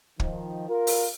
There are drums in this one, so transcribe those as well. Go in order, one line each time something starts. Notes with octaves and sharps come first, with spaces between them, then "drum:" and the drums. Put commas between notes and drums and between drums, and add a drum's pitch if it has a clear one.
D#3 F3, drum: kick
F4 A#4
drum: open hi-hat